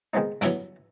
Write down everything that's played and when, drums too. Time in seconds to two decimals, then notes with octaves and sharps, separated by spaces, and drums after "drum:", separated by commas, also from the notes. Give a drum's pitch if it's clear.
0.14 D#3 G#3 B3 C4 D#4
0.41 G2 D3 E3 F#3 B3, drum: hi-hat